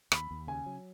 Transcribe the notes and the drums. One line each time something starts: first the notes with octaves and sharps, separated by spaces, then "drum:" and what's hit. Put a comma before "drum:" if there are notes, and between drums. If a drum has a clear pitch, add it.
D#2 B5, drum: rim click
D#2
C#3 G#5
F#3